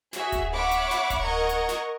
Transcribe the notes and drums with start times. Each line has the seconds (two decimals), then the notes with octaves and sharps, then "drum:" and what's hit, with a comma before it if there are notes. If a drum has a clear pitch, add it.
0.13 F#4 G#4 E5, drum: snare
0.32 drum: kick D1, hi-hat
0.53 C#5 E5 F#5 B5 C#6 D6
0.71 drum: hi-hat
0.91 drum: snare
1.10 drum: kick D1, hi-hat
1.22 A#4 D#5 F#5 A#5 C#6 G#6
1.49 drum: hi-hat
1.69 drum: snare